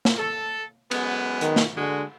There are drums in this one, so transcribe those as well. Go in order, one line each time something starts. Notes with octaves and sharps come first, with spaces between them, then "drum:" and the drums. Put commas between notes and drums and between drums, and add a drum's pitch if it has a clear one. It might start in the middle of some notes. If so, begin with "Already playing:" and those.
drum: snare
A4
F#2 G#3 B3, drum: cymbal
D#3, drum: hi-hat
drum: snare
D3 G#3 F#4